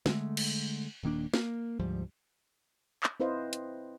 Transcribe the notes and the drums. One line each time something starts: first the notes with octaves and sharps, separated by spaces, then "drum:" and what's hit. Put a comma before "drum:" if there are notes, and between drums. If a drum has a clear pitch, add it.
D3 G#3 A3, drum: snare
drum: cymbal
D#1 D#3 A#3 D4
A#3, drum: snare
D2 G#2 F3 G3
drum: clap
C4 E4 B4 C5 D#5 F5
drum: hi-hat